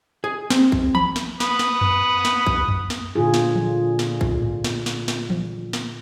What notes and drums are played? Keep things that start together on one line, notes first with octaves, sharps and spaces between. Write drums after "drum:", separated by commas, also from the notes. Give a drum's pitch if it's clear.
G#4
C4, drum: snare
drum: kick
B5, drum: tom E3
drum: snare
B4 B5 D#6, drum: snare
drum: snare
drum: tom F2
drum: snare
drum: kick
drum: tom F2
drum: snare
A#2 D3 F4 G#4
drum: snare
drum: tom E3
drum: snare
drum: kick
drum: tom G#2
drum: snare
drum: snare
drum: snare
drum: tom E3
drum: snare